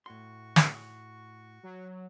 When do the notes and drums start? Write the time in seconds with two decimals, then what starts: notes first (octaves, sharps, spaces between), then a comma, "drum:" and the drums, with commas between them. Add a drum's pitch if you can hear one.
0.06 A2 F#4 C6 C#6
0.56 drum: snare
1.63 F#3